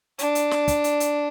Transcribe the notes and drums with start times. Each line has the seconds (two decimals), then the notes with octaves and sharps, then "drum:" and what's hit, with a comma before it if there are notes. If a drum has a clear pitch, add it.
0.19 D4, drum: hi-hat
0.35 drum: hi-hat
0.51 drum: snare
0.68 drum: kick, hi-hat
0.84 drum: hi-hat
1.00 drum: hi-hat